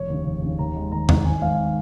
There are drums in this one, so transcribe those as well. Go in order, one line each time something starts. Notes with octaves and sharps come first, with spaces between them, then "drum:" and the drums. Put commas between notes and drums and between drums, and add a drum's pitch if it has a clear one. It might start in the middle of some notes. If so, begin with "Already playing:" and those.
Already playing: F1 C#5
D#2
C#3
F1
D#2 C#3
D#2 A#5
D#3 G#3
D#2 A#5
D#3 G#3, drum: tom E2
G#1 G#5
G#2 D#3 F5